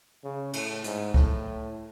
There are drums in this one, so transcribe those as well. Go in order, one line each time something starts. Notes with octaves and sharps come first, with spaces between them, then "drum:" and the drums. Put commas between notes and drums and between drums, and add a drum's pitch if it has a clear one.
C#3
A2, drum: cymbal
G#2, drum: hi-hat
A2, drum: kick C#2